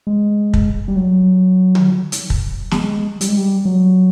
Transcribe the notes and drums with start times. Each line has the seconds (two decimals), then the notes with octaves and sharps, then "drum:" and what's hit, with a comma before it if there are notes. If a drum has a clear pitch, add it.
0.07 G#3
0.54 drum: kick
0.88 G3
0.96 F#3
1.75 drum: tom D3
2.12 drum: hi-hat
2.30 drum: kick
2.71 G3, drum: snare
2.76 G#3
3.21 G3, drum: hi-hat
3.28 G#3
3.37 G3
3.65 F#3